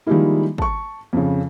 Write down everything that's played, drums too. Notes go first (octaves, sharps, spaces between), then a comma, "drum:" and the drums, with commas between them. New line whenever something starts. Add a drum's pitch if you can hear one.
D#3 F3 G3 G#3 A#3 E4
A5 C#6, drum: kick
F2 C#3